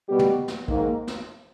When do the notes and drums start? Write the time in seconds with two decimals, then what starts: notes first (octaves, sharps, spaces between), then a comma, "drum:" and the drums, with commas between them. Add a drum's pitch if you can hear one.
0.09 B2 G3 B3 G4
0.19 drum: tom
0.48 drum: snare
0.68 G#2 D#3 A#3, drum: kick
1.07 drum: snare